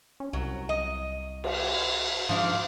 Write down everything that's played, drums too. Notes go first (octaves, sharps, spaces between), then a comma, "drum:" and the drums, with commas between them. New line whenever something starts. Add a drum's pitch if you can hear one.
C#4
C2 F#3
D#5
drum: cymbal
G#2 F3 D4 F5